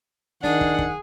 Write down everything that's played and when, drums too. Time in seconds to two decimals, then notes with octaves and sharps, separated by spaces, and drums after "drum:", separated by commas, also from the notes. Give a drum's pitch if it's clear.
0.43 D#3 D4 G#4 F#5, drum: snare
0.61 drum: kick
0.79 drum: kick